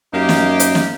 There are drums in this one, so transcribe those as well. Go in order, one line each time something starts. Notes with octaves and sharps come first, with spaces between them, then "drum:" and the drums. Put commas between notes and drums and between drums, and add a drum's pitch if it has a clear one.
F#2 A#3 D#4 G4
drum: snare
drum: hi-hat
drum: snare